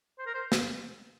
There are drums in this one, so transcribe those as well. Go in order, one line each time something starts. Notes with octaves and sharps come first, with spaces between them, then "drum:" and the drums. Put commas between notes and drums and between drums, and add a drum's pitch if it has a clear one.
C5
A#4
C5
drum: snare